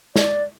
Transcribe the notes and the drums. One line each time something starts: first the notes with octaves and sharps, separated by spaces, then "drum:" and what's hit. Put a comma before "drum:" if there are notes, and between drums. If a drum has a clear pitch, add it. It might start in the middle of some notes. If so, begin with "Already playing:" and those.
D5, drum: snare